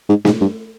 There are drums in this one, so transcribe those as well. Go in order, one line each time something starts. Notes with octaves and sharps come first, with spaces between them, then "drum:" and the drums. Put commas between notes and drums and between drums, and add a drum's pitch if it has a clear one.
G#2
G#2, drum: snare
G2